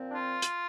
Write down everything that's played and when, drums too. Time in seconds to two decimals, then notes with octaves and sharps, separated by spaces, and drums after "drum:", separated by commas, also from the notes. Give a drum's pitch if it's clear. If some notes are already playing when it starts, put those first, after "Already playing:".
Already playing: A#2 F3 C4
0.10 D4
0.15 F4
0.42 drum: hi-hat